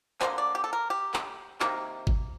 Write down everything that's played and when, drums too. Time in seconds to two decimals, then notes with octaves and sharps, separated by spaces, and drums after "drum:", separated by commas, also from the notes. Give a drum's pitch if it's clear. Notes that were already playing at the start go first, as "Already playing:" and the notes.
0.21 D3 G3 A#3 C5, drum: clap
0.38 D5
0.55 G4
0.64 A4
0.73 A#4
0.90 G4
1.14 drum: clap
1.60 C3 D#3 A#3, drum: clap
2.07 drum: kick